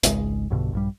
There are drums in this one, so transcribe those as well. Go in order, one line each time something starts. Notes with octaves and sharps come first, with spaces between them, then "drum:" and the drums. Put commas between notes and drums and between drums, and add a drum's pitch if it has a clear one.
G#1 C#2 C3 G#3, drum: hi-hat
B1 G2 B2 D3
A#1 G2 G3